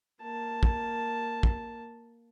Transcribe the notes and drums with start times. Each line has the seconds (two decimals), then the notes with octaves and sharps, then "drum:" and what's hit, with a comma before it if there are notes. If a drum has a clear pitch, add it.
0.22 A#3 A5
0.63 drum: kick
1.43 drum: kick